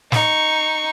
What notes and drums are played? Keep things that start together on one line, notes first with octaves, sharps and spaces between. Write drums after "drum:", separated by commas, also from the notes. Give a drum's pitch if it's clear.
D#4 C#6, drum: snare